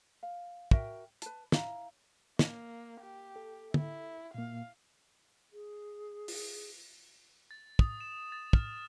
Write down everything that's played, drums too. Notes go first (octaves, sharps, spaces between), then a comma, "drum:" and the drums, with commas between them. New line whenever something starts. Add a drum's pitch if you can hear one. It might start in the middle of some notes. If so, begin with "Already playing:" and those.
F5
F#4 A#4 E5 G5, drum: kick
B4 A5, drum: hi-hat
E4 F5 A#5, drum: snare
A#3, drum: snare
G4
A4
E4, drum: tom
A#2 A#3 F5
G#4
drum: open hi-hat
A6
D#6, drum: kick
E7
A6
F6, drum: kick